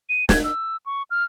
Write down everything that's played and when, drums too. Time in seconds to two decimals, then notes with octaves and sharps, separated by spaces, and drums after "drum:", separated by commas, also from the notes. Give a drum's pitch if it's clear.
0.09 D#7
0.29 G#6, drum: snare
0.44 E6
0.86 C#6
1.11 F6